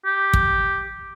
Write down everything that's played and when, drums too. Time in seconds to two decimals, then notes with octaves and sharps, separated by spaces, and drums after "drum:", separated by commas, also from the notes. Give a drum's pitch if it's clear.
0.05 G4
0.34 drum: kick